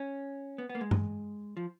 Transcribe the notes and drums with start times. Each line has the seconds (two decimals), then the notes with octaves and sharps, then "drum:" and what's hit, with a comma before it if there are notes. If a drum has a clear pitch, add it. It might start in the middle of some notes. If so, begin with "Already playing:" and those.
Already playing: C#4
0.58 B3
0.69 B3
0.75 A#3
0.81 G#3
0.91 drum: tom G2
1.57 F3